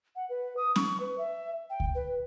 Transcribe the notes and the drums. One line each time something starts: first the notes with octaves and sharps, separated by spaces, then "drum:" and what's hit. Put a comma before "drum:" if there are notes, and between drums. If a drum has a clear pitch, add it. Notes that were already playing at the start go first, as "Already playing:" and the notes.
F#5
B4
D#6
C#6, drum: snare C#4
B4
E5
G5
drum: kick C#2
B4